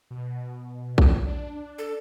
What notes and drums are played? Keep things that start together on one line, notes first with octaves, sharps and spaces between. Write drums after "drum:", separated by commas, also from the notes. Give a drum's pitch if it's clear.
B2
drum: kick
D4
A4